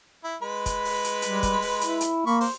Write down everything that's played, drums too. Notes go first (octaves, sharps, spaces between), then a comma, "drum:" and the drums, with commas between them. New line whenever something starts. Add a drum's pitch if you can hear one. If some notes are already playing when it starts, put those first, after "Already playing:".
E4
G#3 B4 B5
drum: kick, hi-hat
drum: open hi-hat
drum: hi-hat
G3, drum: hi-hat
drum: kick, hi-hat
drum: open hi-hat
E4, drum: hi-hat
drum: hi-hat
A#3 B5 C#6
C5, drum: open hi-hat